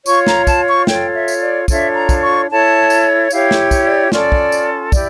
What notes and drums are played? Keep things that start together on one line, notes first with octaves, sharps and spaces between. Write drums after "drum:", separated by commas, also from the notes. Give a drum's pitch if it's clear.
F4 C#5 C#6, drum: tambourine
A#5, drum: snare
A5, drum: kick, tambourine
C#6
F4 A4 C#5 G5, drum: snare
E5
drum: tambourine
D5
D4 F4 A4 C#5 E5, drum: kick, tambourine
A#5
drum: kick, tambourine
C#6
E4 A4 C#5 A5
drum: tambourine
E4 G4 C#5 F5, drum: tambourine
drum: snare
drum: kick, tambourine
D5
C#4 F4 A4 D5, drum: snare
drum: kick
drum: tambourine
E4 G4 D5, drum: kick, tambourine